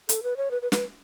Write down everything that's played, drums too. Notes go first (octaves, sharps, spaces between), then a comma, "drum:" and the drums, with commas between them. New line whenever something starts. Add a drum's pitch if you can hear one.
A4, drum: hi-hat
B4
C#5
B4
B4
B4, drum: snare